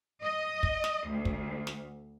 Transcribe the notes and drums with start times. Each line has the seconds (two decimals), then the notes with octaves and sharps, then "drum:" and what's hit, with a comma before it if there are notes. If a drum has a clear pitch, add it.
0.21 D#5
0.63 drum: kick
0.84 drum: snare
1.08 D2
1.25 drum: kick
1.67 drum: snare